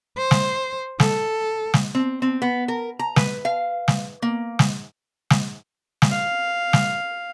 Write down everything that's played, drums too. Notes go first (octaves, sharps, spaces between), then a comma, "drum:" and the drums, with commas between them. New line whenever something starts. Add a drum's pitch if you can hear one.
C5
drum: snare
A4, drum: snare
drum: snare
C4
C4
B3
A#4
A#5
B4, drum: snare
F5
drum: snare
A#3
drum: snare
drum: snare
drum: snare
F5
drum: snare